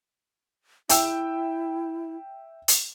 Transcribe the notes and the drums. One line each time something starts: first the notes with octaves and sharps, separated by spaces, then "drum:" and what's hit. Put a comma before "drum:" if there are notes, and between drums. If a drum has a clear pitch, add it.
E4 E5 G5 E6, drum: hi-hat
drum: hi-hat